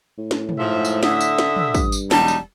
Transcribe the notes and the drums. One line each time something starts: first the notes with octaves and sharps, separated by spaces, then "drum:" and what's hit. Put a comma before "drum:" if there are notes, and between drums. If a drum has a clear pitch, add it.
A2
drum: snare
drum: tom
G#2 F3 E5
drum: tambourine
D3 E5 D#6, drum: snare
drum: tambourine
drum: snare
drum: tom
G2, drum: kick, tambourine
drum: tambourine
E1 F#3 G3 D#4 A5, drum: snare
drum: tambourine